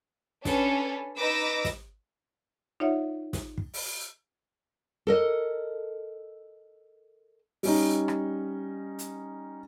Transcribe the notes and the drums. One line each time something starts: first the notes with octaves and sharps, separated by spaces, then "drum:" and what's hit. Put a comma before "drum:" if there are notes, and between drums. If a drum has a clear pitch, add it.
C#4 D4 A4 B4, drum: snare
D#4 B4 D#5 D6 E6 A#6
drum: snare
D#4 F4 C#5 D5 E5 F#5
drum: snare
drum: kick
drum: open hi-hat
A4 A#4 D#5
G3 C#4 D#4, drum: open hi-hat
drum: rim click
drum: hi-hat